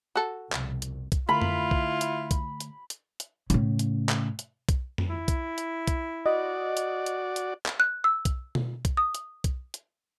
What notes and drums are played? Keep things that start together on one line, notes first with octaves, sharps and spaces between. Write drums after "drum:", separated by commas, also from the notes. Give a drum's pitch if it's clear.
F#4 A4
C2 F2 B2, drum: clap
drum: hi-hat
drum: kick B1, hi-hat
D3 A3 E4 F4 B5
drum: tom F2
drum: kick B1
drum: hi-hat
drum: kick B1, hi-hat
drum: hi-hat
drum: hi-hat
drum: hi-hat
A2 C#3, drum: hi-hat
drum: hi-hat
drum: clap
drum: hi-hat
drum: kick B1, hi-hat
drum: tom F2
E4
drum: kick B1, hi-hat
drum: hi-hat
drum: kick B1, hi-hat
F#4 D5 D#5
drum: hi-hat
drum: hi-hat
drum: hi-hat
drum: clap
F#6
E6
drum: kick B1, hi-hat
drum: tom B2
drum: kick B1, hi-hat
D#6
drum: hi-hat
drum: kick B1, hi-hat
drum: hi-hat